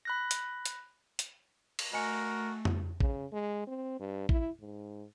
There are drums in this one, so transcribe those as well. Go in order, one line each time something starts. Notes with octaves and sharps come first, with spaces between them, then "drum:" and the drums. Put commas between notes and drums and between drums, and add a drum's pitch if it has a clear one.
B5 F#6 A#6
drum: hi-hat
drum: hi-hat
drum: hi-hat
drum: cymbal
A3 F#4 A#4 D#5 G#5 C#7
drum: tom F2
C#3, drum: kick A1
G#3
C4
G2
E4, drum: kick A1
G#2